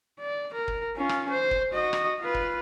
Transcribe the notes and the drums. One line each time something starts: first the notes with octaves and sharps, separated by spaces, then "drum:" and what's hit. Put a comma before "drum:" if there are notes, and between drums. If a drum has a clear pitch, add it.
D5
A#4
drum: kick
C#4 F4
drum: rim click
C5
drum: kick
F#4 D#5
drum: rim click
F4 B4
drum: kick